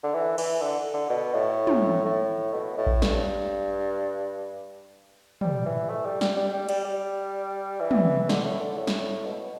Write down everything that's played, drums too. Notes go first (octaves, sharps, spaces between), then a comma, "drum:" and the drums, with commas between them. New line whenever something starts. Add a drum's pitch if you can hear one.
D3
E3
E3, drum: cymbal
D3
D3
B2
A2
drum: tom
A2
B2
A2
drum: kick A1
G2, drum: snare
G3, drum: tom
E3
A3
G3
G3, drum: snare
G3
G3
G3, drum: cymbal
G3
E3
drum: tom
D3, drum: snare
A2
D3
A2
drum: snare
B2